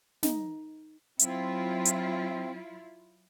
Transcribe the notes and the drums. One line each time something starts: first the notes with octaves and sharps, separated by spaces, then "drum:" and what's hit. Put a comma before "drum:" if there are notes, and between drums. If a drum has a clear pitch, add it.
D#4, drum: snare
F#3 C4 E4 F4, drum: hi-hat
drum: hi-hat